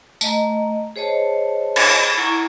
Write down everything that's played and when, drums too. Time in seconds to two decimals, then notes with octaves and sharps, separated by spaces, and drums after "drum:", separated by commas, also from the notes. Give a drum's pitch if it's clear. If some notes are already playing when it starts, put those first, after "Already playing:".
0.21 A3 D#5 A#5, drum: tambourine
0.96 G#4 C5 C#5 D#5 A5
1.76 drum: cymbal
2.18 E4 F#5 A#5 C#6